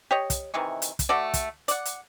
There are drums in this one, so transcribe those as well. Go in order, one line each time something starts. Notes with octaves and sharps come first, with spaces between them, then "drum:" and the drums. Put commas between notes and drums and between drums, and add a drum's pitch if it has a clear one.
G4 C#5 D#5
drum: kick, hi-hat
C3 D#3 E3 C#6
drum: hi-hat
drum: kick, hi-hat
A3 F#4 A4 D5
drum: kick, hi-hat
D5 F#5, drum: hi-hat
drum: hi-hat